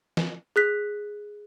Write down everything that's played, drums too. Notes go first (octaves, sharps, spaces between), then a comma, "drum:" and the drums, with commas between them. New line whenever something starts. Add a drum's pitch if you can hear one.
drum: snare
G#4 F#6 B6